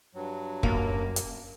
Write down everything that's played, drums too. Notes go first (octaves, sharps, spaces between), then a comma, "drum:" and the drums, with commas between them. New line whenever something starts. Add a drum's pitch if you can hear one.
G2 F#3
F#2 A#3, drum: kick
drum: hi-hat